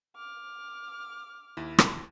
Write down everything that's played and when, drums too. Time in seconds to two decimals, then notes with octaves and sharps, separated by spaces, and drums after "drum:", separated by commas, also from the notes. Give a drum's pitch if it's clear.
0.16 D6 F6
1.57 D#2 E4
1.78 drum: rim click